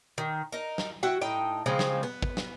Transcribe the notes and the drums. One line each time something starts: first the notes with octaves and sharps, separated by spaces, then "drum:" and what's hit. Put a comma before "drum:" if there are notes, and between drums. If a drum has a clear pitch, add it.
D#3
D#4 A#4
drum: snare
E4 F#4 F#5 G5
A2 D#4 G5
C#3 F3 G#3 C4
drum: snare
B3
drum: kick
drum: snare